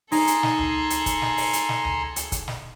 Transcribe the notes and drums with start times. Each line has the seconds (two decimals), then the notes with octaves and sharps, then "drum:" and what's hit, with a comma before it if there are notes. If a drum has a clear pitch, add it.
0.12 D#4 G#4 A4 G#5 A#5 C6, drum: open hi-hat
0.27 drum: hi-hat
0.43 drum: snare
0.59 drum: tom D2
0.90 drum: hi-hat
1.06 drum: kick, hi-hat
1.22 drum: snare
1.37 drum: open hi-hat
1.53 drum: hi-hat
1.69 drum: snare
1.85 drum: tom D2
2.16 drum: hi-hat
2.32 drum: kick, hi-hat
2.48 drum: snare